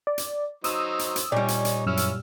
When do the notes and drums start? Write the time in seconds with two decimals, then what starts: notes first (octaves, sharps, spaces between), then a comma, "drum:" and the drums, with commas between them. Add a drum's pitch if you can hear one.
0.07 D5
0.18 drum: hi-hat
0.64 F#3 D#4 C5 D#6 E6, drum: hi-hat
0.99 drum: hi-hat
1.16 drum: hi-hat
1.32 A#2 G3 D#4 C#5 D5 G#5
1.48 drum: hi-hat
1.65 drum: hi-hat
1.87 F#2 C#4 E4 E6 F6
1.97 drum: hi-hat